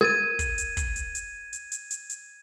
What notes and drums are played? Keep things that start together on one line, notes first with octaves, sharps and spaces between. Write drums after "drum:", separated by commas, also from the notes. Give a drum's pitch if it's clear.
A#4 G#6 A6 D#7
drum: kick, hi-hat
drum: hi-hat
drum: kick, hi-hat
drum: hi-hat
drum: hi-hat
drum: hi-hat
drum: hi-hat
drum: hi-hat
drum: hi-hat